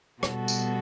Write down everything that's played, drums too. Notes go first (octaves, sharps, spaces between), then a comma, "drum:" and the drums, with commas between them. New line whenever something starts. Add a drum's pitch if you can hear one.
B2 G3 B3 F#4 A4, drum: rim click
drum: tambourine